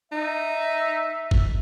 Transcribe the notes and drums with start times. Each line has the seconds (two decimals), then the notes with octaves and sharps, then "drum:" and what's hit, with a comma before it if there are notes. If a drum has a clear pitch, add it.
0.12 D#4 E5
1.31 drum: kick G1